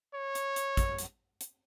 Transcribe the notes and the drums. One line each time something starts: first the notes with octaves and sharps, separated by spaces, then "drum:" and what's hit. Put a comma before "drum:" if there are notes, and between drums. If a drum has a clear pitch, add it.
C#5
drum: hi-hat
drum: hi-hat
drum: kick, hi-hat
drum: hi-hat
drum: hi-hat